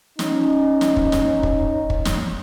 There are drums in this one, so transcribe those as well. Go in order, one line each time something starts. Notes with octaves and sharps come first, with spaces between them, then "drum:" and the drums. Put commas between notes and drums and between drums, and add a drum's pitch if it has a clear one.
C#4 D#4, drum: snare
drum: snare
drum: kick
drum: snare
drum: kick
drum: kick
drum: snare